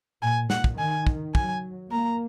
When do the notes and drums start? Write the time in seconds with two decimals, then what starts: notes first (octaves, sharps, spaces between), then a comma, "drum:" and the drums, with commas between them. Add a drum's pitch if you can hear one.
0.22 A#2 G#5
0.50 A#2 F#5, drum: snare
0.64 drum: kick
0.78 D#3 G#5
1.07 drum: kick
1.35 F#3 G#5, drum: kick
1.91 A#3 A#5